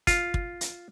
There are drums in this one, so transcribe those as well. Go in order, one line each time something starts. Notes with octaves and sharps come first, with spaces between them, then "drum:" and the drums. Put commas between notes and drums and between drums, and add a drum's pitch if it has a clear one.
F4, drum: kick, hi-hat
drum: kick
drum: hi-hat